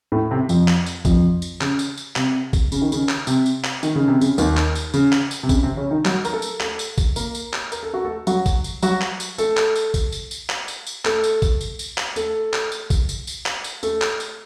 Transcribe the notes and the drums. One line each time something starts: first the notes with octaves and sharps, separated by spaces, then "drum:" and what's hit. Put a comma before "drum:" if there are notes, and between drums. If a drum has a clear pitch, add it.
A2 A3
C3 C4
F2 F3, drum: tambourine
drum: clap
drum: tambourine
F2 F3, drum: kick, tambourine
drum: tambourine
C#3, drum: clap
drum: tambourine
drum: tambourine
C3, drum: clap
drum: kick, tambourine
C#3, drum: tambourine
D#3
C#3, drum: tambourine
drum: clap
C3, drum: tambourine
drum: tambourine
drum: clap
D#3, drum: tambourine
C#3
C3
C#3, drum: tambourine
D#2 D#3, drum: tambourine
drum: clap
drum: tambourine
C#3, drum: tambourine
drum: clap
drum: tambourine
C3
C#3, drum: kick, tambourine
C3 C4
C#3 C#4
D#3 D#4
F#3 F#4, drum: clap
A#4, drum: tambourine
A3 A4
drum: tambourine
A3 A4, drum: clap
drum: tambourine
drum: kick, tambourine
A#3 A#4, drum: tambourine
drum: tambourine
drum: clap
A#4, drum: tambourine
A4
F#4
A3 A4
F#3 F#4, drum: tambourine
drum: kick, tambourine
drum: tambourine
F#3 F#4, drum: tambourine
drum: clap
drum: tambourine
A3 A4, drum: tambourine
drum: clap
drum: tambourine
drum: kick, tambourine
drum: tambourine
drum: tambourine
drum: clap
drum: tambourine
drum: tambourine
A3 A4, drum: clap
drum: tambourine
drum: kick, tambourine
drum: tambourine
drum: tambourine
drum: clap
A3 A4, drum: tambourine
drum: clap
drum: tambourine
drum: kick, tambourine
drum: tambourine
drum: tambourine
drum: clap
drum: tambourine
A3 A4, drum: tambourine
drum: clap
drum: tambourine